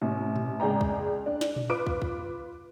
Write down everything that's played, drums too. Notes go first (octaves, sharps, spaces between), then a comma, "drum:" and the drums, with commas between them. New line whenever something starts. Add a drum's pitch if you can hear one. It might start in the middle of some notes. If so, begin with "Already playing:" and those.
A1 C3
drum: tom A#2
C#2 G#4 D5 G5 A#5
drum: kick
D4
drum: snare
drum: tom A#2
F4 B4 D6 D7
drum: kick
drum: kick